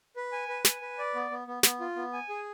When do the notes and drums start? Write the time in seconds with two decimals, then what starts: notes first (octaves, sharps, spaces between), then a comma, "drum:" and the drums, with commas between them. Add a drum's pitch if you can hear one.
0.16 B4
0.32 G#5
0.48 B4
0.65 G#5, drum: snare
0.82 B4
0.98 D5
1.15 B3
1.31 B3
1.47 B3
1.63 B3, drum: snare
1.80 F4
1.96 B3
2.13 G#5
2.29 G#4